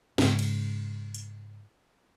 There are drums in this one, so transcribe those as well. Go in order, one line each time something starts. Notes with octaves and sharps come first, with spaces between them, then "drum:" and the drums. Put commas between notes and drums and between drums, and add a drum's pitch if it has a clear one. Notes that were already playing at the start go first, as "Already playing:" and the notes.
G#2 C#3, drum: snare
drum: cymbal
drum: hi-hat